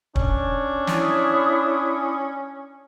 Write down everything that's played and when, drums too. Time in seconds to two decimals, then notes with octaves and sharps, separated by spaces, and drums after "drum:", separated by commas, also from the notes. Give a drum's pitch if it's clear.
0.16 C#4 D4, drum: kick
0.87 E4 D#6, drum: snare